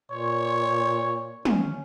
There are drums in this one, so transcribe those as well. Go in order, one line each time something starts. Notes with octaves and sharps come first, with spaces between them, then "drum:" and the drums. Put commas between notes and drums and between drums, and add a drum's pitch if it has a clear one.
A#2 C#5
C#4, drum: tom